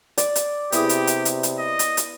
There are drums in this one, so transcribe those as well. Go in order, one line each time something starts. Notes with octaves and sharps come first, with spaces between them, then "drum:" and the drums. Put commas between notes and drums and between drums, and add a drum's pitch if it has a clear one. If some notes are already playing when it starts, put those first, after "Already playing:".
D5, drum: hi-hat
drum: hi-hat
C3 B3 E4 G4 G#4, drum: hi-hat
drum: hi-hat
drum: hi-hat
drum: hi-hat
drum: hi-hat
D#5
drum: hi-hat
drum: hi-hat